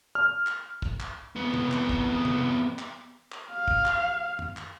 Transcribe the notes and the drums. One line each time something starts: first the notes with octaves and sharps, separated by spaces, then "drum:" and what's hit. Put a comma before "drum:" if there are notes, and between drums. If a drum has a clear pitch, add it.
F6
drum: clap
drum: kick
drum: clap
F2 B3
drum: tom
drum: clap
drum: kick
drum: tom
drum: clap
drum: clap
F5
drum: kick
drum: clap
drum: tom
drum: clap